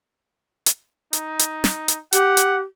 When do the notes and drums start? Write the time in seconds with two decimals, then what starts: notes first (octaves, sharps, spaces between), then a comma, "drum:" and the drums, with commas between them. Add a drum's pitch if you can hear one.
0.66 drum: hi-hat
1.13 D#4, drum: hi-hat
1.39 drum: hi-hat
1.64 drum: snare
1.88 drum: hi-hat
2.13 G4 F#5, drum: hi-hat
2.37 drum: hi-hat